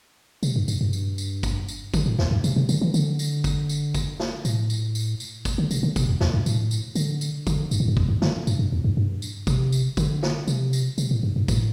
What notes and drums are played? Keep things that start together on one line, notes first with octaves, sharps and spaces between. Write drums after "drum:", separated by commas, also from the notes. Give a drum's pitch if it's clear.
C3, drum: tambourine
G2
G2, drum: tambourine
G2
drum: tambourine
drum: tambourine
drum: kick, tambourine
drum: tambourine
D3, drum: kick, tambourine
A2
E2, drum: snare
G2
C3, drum: tambourine
C3
D3, drum: tambourine
E3
D3, drum: tambourine
drum: tambourine
drum: kick, tambourine
drum: tambourine
drum: kick, tambourine
drum: snare
A2, drum: tambourine
drum: tambourine
drum: tambourine
drum: tambourine
drum: kick, tambourine
D3
C3, drum: tambourine
D3
C3, drum: kick, tambourine
E2
E2, drum: snare
G2
A2, drum: tambourine
drum: tambourine
D3, drum: tambourine
drum: tambourine
D3, drum: kick, tambourine
G2, drum: tambourine
A2
G2
E2, drum: kick
G2
D3, drum: snare
G2, drum: tambourine
G2
E2
G2
G2
drum: tambourine
C3, drum: kick, tambourine
drum: tambourine
D3, drum: kick, tambourine
drum: snare
C3, drum: tambourine
drum: tambourine
C3, drum: tambourine
A2
G2
G2
A2, drum: kick, tambourine